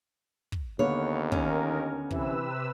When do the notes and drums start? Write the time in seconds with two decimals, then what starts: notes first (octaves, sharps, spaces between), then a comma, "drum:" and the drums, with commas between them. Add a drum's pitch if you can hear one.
0.52 drum: kick
0.79 D#2 D3 A#3 B3 C#5
1.32 D2 D#3 C#4 A#4, drum: kick
2.11 C3 E3 B4 E6, drum: kick